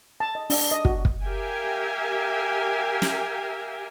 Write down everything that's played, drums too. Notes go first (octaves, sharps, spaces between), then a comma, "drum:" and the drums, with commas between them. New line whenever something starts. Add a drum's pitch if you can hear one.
A5
D#5
D4, drum: open hi-hat
D#5
F#4, drum: kick
drum: kick
G4 A#4 E5 F5 G5 G#5
drum: snare